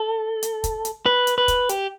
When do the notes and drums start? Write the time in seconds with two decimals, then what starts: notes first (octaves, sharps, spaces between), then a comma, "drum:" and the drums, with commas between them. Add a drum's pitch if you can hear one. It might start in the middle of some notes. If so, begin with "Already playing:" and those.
Already playing: A4
0.43 drum: hi-hat
0.64 drum: kick, hi-hat
0.85 drum: hi-hat
1.06 B4
1.27 drum: hi-hat
1.38 B4
1.48 drum: kick, hi-hat
1.69 G4, drum: hi-hat